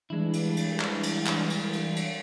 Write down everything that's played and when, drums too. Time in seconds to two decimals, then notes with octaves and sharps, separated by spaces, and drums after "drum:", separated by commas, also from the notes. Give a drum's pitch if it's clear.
0.10 E3 G3 G#3 D4 E4
0.33 drum: cymbal
0.57 drum: cymbal
0.80 drum: clap
1.03 drum: cymbal
1.26 drum: clap
1.50 drum: cymbal
1.73 drum: cymbal
1.96 drum: cymbal